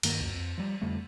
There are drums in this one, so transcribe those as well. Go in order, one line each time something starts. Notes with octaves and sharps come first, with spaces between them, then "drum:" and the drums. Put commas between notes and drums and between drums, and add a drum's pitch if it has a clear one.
G2 D#3 A#3, drum: cymbal
C#2 F#2
F2
F3 G3
F2 D3 G3 A3